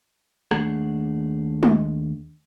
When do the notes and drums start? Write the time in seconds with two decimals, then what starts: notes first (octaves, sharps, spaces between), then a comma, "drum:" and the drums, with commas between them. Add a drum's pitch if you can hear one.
0.51 D#2 A3 D4 G#4 F#5, drum: rim click
1.63 drum: tom G#3